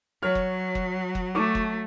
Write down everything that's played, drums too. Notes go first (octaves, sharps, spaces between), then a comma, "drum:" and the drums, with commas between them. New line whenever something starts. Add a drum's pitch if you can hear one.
F#3 C#5 F6
drum: kick F#1
drum: kick F#1
drum: kick F#1
A3 C#6 D6
drum: kick F#1